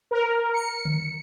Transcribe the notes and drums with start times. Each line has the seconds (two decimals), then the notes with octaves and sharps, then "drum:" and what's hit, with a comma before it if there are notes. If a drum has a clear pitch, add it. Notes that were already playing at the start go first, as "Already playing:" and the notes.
0.11 A#4
0.54 C#7
0.85 drum: tom D3